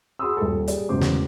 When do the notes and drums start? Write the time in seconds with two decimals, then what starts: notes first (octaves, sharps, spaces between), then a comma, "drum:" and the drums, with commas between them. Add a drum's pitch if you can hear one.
0.19 F#4 G#4 B5 C6 D#6 E6
0.37 D#1 A4
0.68 G3 G#4 D5, drum: hi-hat
0.89 E1 E2 A2 C#3 C5 D6
1.01 drum: snare